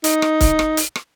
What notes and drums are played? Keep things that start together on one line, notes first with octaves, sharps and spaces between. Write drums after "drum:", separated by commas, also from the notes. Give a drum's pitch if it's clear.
D#4, drum: hi-hat
drum: rim click
drum: kick C#1, hi-hat
drum: rim click
drum: hi-hat
drum: rim click